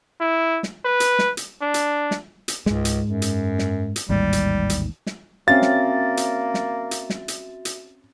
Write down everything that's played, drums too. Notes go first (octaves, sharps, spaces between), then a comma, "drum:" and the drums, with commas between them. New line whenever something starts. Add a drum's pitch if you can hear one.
E4
drum: snare
B4
drum: hi-hat
drum: snare
drum: hi-hat
D4
drum: hi-hat
drum: snare
drum: hi-hat
C#2 G#2 G#3, drum: snare
drum: hi-hat
F#2
drum: hi-hat
drum: snare
drum: hi-hat
A1 D#2 G#2 G3
drum: hi-hat
drum: hi-hat
drum: snare
A#3 C4 C#4 F#4 E5 F5 A6
drum: snare
drum: hi-hat
drum: snare
drum: hi-hat
drum: snare
drum: hi-hat
drum: hi-hat